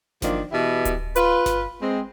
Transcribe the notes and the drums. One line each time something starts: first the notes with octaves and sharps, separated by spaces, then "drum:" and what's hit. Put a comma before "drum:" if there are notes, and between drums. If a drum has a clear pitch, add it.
D#3 F3 F#3 A#3 D4, drum: snare G1
B2 E3 E4 G4
drum: kick D1, hi-hat
F4 B4, drum: hi-hat
drum: snare G1
G#3 C4